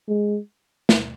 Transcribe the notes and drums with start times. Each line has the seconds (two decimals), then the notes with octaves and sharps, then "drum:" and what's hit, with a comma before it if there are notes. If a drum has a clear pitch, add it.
0.08 G#3
0.89 drum: snare